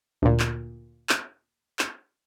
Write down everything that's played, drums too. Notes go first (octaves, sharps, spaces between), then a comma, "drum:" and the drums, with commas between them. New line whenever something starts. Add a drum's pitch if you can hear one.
D2 A#2
drum: clap
drum: clap
drum: clap